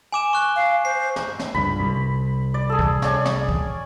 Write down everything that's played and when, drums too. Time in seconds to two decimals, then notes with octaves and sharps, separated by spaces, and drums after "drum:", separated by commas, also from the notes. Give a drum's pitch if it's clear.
0.12 G#5 D6 E7
0.33 C#6 F#6
0.56 F5
0.85 C5 C7
1.16 drum: snare
1.39 drum: snare
1.54 C#2 G2 B5
1.79 C2
2.54 D5
2.70 G#4 A4
2.79 drum: kick
3.02 C#4 D5 G#5, drum: snare
3.25 drum: snare
3.49 drum: kick